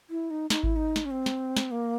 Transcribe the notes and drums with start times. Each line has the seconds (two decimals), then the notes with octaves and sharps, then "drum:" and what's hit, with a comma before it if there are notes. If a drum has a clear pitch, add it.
0.10 E4
0.31 D#4
0.50 D#4, drum: snare
0.63 E4, drum: kick G#1
0.76 D#4
0.96 drum: snare
1.05 C#4
1.11 C4
1.26 drum: snare
1.57 drum: snare
1.71 A#3